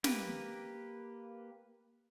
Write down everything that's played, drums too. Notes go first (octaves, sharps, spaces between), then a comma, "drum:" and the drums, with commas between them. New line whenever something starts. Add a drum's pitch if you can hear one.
A#3 G4 B4, drum: snare